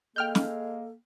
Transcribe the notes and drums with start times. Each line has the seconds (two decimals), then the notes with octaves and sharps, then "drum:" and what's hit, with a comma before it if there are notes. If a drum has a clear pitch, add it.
0.16 G#3 A#3 A4 G5 F6 G6
0.35 drum: snare